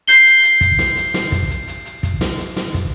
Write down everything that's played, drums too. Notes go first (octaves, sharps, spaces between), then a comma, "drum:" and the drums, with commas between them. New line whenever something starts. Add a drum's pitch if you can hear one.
G6 C7 G7, drum: hi-hat
drum: hi-hat
drum: hi-hat
drum: kick, hi-hat
drum: snare
drum: hi-hat
drum: snare
drum: kick, hi-hat
drum: hi-hat
drum: hi-hat
drum: hi-hat
drum: kick, hi-hat
drum: snare
drum: hi-hat
drum: snare
drum: kick, hi-hat